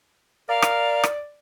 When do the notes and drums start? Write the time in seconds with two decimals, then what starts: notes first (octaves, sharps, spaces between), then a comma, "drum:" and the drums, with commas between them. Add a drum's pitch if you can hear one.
0.49 A#4 D5 F5
0.62 drum: rim click
1.04 drum: rim click